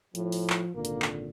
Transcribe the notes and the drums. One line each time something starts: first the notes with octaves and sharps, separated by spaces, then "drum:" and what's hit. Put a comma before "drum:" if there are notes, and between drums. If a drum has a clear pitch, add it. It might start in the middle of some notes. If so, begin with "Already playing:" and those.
A2 F3, drum: hi-hat
drum: open hi-hat
drum: clap
G#1 A#2 D3 A#3
drum: hi-hat
drum: clap